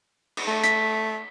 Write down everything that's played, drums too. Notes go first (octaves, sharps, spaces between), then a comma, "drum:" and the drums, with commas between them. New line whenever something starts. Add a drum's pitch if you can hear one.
drum: cymbal
A3
B6, drum: hi-hat